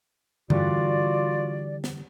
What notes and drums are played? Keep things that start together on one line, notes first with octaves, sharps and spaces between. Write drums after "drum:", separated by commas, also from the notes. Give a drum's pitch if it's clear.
D3 E3 G3 F4 F#4 D5, drum: tom G2
drum: snare